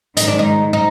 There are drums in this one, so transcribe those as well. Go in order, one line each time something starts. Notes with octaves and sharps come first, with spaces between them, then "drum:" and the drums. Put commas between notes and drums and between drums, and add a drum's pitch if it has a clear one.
G#2 D#3 G#3 D#4, drum: hi-hat
D4
D#4
D#4